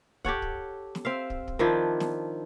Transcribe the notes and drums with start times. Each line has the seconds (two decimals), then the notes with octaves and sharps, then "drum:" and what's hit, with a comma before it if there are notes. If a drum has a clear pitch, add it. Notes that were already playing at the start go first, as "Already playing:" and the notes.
0.25 G4 A4 C#5 F#5, drum: kick
0.42 drum: kick
0.95 drum: snare
1.05 C4 E5 F5
1.30 drum: kick
1.48 drum: kick
1.59 D#3 F3 D4 E4
2.00 drum: snare